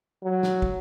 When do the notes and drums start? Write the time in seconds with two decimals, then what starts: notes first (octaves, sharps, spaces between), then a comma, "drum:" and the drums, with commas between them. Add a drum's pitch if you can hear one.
0.24 F#3
0.43 drum: snare
0.62 drum: kick